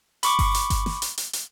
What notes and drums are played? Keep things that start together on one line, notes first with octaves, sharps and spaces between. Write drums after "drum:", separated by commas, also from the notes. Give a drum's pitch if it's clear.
B5 C#6 D6, drum: hi-hat
drum: kick G1, open hi-hat
drum: hi-hat
drum: kick G1, hi-hat
drum: snare
drum: hi-hat
drum: hi-hat
drum: hi-hat